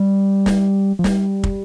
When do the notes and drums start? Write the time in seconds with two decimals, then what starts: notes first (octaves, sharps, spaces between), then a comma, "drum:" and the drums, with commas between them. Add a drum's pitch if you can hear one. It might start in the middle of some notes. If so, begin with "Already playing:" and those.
Already playing: G3
0.46 drum: snare
0.99 F3
1.04 G3, drum: snare
1.44 drum: kick